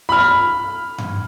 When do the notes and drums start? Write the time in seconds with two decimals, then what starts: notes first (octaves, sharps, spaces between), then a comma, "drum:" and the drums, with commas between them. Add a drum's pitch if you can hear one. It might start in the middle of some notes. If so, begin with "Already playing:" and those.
0.09 B5 F6
0.98 drum: tom G2